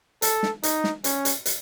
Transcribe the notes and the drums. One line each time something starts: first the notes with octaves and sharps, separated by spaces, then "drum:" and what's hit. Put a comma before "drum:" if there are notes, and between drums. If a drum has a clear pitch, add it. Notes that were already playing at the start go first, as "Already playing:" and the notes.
A4, drum: hi-hat
drum: snare
D#4, drum: hi-hat
drum: snare
C#4, drum: hi-hat
drum: hi-hat
drum: hi-hat